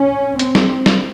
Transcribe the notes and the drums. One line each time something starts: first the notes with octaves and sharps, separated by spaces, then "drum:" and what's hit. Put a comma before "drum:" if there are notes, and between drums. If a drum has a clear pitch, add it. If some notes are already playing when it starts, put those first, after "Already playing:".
Already playing: C#4
C4, drum: hi-hat
drum: snare
drum: snare